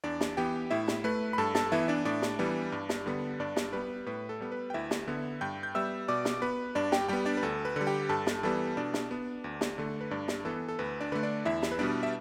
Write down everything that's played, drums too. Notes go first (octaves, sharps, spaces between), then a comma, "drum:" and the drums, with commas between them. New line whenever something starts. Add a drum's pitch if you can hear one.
E2 D4 D5
drum: snare
E3 B3 G4 G5
A2 E4 E5
drum: snare
A3 B4
B5
G2 A4 A5
A4 A5, drum: snare
E3 B3 E4 E5
D4 D5
A2 D4 D5
drum: snare
E3 G3 B3
G2
drum: snare
D3 G3 B3
G2 D4 D5
drum: snare
G3 B3 B4
A2 B4
A4
G3 B3
B4
G5
D2 E4 E5
drum: snare
D3 B3
G2 G5 G6
G6
G3 B3 E5 E6
B2 D5 D6
drum: snare
B3 B4 B5
G2 D4 D5
G4 G5, drum: snare
G3 B3 G4 G5
D4 D5
B4
D2 A4
B4
D3 G3
G4 G5
G2 A4 A5
drum: snare
E3 G3 B3 A4 A5
B2 D4 D5
drum: snare
B3
D2
drum: snare
D3 A3
B4
G2 D4 D5
drum: snare
E3 B3 A4
A4
D2 B4
D4 D5
D3 A3 B4
D4 D5
E2 E4 E5
drum: snare
B4
B2 G3 B3 D4 D5
E5